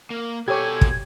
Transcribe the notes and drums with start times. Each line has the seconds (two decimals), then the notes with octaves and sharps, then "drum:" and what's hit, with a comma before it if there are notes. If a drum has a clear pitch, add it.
0.10 A#3
0.48 B2 G4 A4 C#5 G#5 G#6
0.81 drum: kick